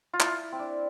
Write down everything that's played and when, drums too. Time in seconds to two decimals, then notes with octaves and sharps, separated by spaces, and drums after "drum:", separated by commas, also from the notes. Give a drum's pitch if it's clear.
0.13 F4
0.20 E4, drum: clap
0.52 C4
0.59 D4